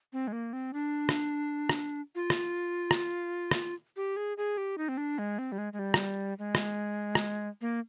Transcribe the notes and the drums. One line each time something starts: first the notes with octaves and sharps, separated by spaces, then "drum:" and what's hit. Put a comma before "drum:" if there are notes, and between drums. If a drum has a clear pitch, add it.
C4
G#3
A#3
C4
D4
drum: rim click
drum: rim click
F4
drum: rim click
drum: rim click
drum: rim click
G4
G#4
G#4
G4
D#4
C4
D4
G#3
C4
G3
G#3
G#3
G3
drum: rim click
G#3
drum: rim click
drum: rim click
A#3